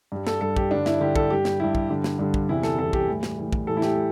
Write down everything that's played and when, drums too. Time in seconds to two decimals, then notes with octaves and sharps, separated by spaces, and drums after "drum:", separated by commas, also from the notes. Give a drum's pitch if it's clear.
0.12 G2 G3
0.27 A4, drum: snare
0.41 G2 G3 A4
0.57 G4, drum: kick
0.71 G2 D3 G3 D4
0.86 E4, drum: snare
1.01 G2 D3 G3 G4
1.16 A4, drum: kick
1.30 G2 G3 G4
1.45 drum: snare
1.60 G2 G3 E4
1.75 drum: kick
1.90 G2 D3 G3
2.04 drum: snare
2.19 G2 D3 G3
2.34 drum: kick
2.49 E2 C3 E3 G3 E4
2.63 A4, drum: snare
2.79 E2 C3 E3 G3 A4
2.93 G4, drum: kick
3.08 A2 E3 G3
3.23 drum: snare
3.38 A2 E3 G3
3.53 drum: kick
3.67 A2 E3 G3 A4
3.77 E4
3.82 G4, drum: snare
3.96 A2